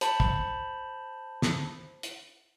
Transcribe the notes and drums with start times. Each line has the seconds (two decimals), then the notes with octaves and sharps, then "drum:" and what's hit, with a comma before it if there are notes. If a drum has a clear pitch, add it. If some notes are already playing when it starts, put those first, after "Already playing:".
0.01 C5 A5 B5, drum: hi-hat
0.20 drum: kick
1.42 drum: snare
2.03 drum: hi-hat